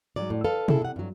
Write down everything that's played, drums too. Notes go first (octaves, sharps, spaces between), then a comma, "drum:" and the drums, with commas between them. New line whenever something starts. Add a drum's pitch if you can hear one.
G#2 F#3 D5
A2
A4 B4 F5
A#2 C#3 E4 G#4 A4, drum: tom B2
C3 F#5
G2 F#3